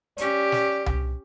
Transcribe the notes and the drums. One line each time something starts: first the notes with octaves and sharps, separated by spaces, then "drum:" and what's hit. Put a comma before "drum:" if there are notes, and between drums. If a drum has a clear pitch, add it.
C#4 G4 D5, drum: hi-hat
drum: snare
drum: tom C2